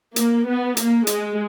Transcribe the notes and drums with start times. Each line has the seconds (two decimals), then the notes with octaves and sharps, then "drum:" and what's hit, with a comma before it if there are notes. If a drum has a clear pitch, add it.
0.16 A#3, drum: hi-hat
0.47 B3
0.77 A#3, drum: hi-hat
1.07 G#3, drum: hi-hat